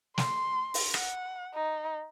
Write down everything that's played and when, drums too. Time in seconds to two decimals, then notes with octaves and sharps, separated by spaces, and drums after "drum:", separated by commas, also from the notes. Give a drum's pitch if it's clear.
0.18 C6, drum: snare
0.74 drum: open hi-hat
0.94 F#5, drum: rim click
1.54 D#4